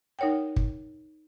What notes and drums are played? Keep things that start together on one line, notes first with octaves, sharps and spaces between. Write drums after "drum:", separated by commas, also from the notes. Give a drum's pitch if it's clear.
D#4 A#4 C#5 F#5 G5
drum: kick